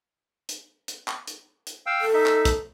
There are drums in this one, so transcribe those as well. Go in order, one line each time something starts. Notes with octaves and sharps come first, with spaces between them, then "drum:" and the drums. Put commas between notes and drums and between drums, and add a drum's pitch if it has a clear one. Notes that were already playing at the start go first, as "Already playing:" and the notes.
drum: hi-hat
drum: hi-hat
drum: clap
drum: hi-hat
drum: hi-hat
F5 G5 E6
A4
D#4 E5
drum: clap
drum: kick, hi-hat